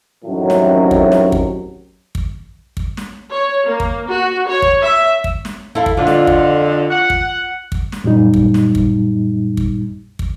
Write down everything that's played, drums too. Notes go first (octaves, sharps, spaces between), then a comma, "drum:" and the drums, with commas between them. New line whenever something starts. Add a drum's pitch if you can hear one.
A1 F#2 A2 C3 D#3 F#3
drum: snare
drum: kick
drum: snare
drum: kick
drum: kick
drum: kick
drum: snare
C#5
A#3
drum: kick
F#4
C#5
drum: kick
E5
drum: kick
drum: snare
E4 A4 F5
drum: kick
F2 D3 F4
drum: snare
drum: kick
F#5
drum: kick
drum: kick
drum: snare
F#2 A#2 G3 D#4
drum: kick
drum: snare
drum: kick
drum: kick
drum: kick